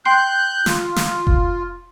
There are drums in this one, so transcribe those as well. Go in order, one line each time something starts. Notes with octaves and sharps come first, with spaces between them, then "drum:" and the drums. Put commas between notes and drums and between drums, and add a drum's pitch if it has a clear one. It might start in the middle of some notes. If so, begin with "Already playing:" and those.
G5 C6 F#6 G6 C7
F4, drum: snare
drum: snare
drum: kick F1